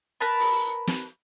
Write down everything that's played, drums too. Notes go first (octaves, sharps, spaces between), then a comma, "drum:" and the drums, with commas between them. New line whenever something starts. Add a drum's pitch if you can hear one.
A#4 B4 A5 B5
drum: open hi-hat
drum: snare